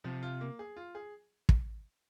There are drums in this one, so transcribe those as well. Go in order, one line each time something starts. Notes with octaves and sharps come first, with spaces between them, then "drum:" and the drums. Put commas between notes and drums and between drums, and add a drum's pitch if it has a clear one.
C3 F3
F4
A#3
G#4
F4
G#4
drum: kick